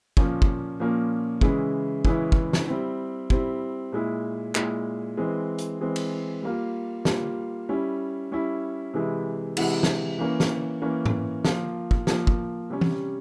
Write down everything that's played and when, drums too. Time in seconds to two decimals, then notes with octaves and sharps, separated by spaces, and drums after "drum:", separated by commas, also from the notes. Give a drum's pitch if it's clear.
0.17 A#2 F3 A#3 C#4, drum: kick
0.42 drum: kick
0.80 A#2 F3 A#3 C#4
1.41 C#3 E3 G#3 C#4 E4, drum: kick
2.05 C#3 E3 G#3 C#4 E4, drum: kick
2.32 drum: kick
2.53 drum: snare
2.68 G3 C4 E4
3.30 G3 C4 E4, drum: kick
3.92 A#2 G#3 E4
4.55 A#2 G#3 E4, drum: clap
5.17 E3 G#3 C4
5.58 drum: hi-hat
5.81 E3 G#3 C4
5.96 drum: cymbal
6.43 G3 A#3 F4
7.05 G3 A#3 F4, drum: snare
7.69 G3 C#4 E4
8.32 G3 C#4 E4
8.94 C3 E3 G#3 E4
9.57 C3 E3 G#3 E4, drum: cymbal
9.83 drum: snare
10.18 E3 A#3 C#4
10.40 drum: snare
10.82 E3 A#3 C#4
11.06 drum: tom G#2
11.45 F3 A#3 F4, drum: snare
11.91 drum: kick
12.07 F3 A#3 F4, drum: snare
12.27 drum: kick
12.70 C3 G3 C#4
12.81 drum: tom E3